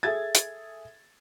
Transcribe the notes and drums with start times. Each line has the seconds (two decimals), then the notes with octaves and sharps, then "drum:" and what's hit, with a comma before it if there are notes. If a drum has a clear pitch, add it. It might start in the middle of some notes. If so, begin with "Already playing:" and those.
0.03 G#4 A4 E5 G#6 A6
0.35 drum: hi-hat